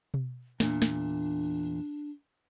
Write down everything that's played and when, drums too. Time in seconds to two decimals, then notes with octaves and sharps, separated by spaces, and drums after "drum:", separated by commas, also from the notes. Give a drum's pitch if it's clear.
0.14 drum: tom B2
0.60 E2 A#2 D4, drum: snare
0.82 drum: snare